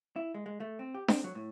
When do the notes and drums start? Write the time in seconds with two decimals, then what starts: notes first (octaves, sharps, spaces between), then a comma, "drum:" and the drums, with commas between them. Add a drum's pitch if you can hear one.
0.16 E4
0.34 G#3
0.46 G#3
0.60 A3
0.79 C4
0.94 G4
1.08 C4, drum: snare D4
1.24 F#3
1.35 A2